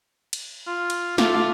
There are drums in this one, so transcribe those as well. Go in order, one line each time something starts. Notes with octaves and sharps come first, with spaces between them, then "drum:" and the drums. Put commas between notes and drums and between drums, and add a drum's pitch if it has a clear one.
drum: cymbal
F4
drum: cymbal
A3 F4 D6, drum: snare